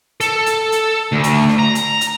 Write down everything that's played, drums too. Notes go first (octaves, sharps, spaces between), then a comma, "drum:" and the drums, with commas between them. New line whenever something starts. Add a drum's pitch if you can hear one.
A4, drum: hi-hat
drum: hi-hat
drum: hi-hat
D2
drum: hi-hat
drum: rim click
A#5
drum: hi-hat
drum: hi-hat